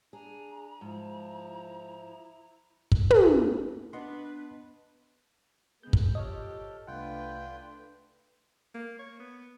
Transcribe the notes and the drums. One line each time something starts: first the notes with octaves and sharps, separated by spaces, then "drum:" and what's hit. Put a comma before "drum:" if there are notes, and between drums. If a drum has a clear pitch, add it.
D4 G#4 A#5
G#2 F3 E4
drum: kick
drum: tom
B3 D4 B4 D#5 F#5 C6
C#3 G#3 B3 G6
drum: kick
G1 F3 G4 A4 C#5 D#5 F6
C2 A3 D4 F4 B4 F#5 G5
A#3
C#5
B3